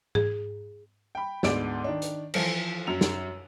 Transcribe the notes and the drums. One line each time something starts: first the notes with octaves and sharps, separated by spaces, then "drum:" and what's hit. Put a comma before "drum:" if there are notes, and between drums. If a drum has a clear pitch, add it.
G#4, drum: tom G#2
G5 B5
D2 G#2 B3 D5 D6 D7, drum: snare
D#3 D4
drum: hi-hat
E3 F3 A4, drum: cymbal
F#2 F7
drum: snare